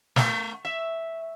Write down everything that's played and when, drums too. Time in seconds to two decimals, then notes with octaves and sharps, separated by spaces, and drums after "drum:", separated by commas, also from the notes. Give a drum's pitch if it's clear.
0.16 A3, drum: snare
0.65 E5